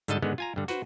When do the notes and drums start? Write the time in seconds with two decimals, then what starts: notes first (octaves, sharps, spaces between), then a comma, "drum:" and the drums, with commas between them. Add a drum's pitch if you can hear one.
0.08 G#2 D3 G3 A4 D#5 A5, drum: hi-hat
0.22 G#2 D3 D#3 G#3 B3
0.38 F4 G#5 A#5
0.56 G2 D3
0.68 F#4 B4 C5, drum: snare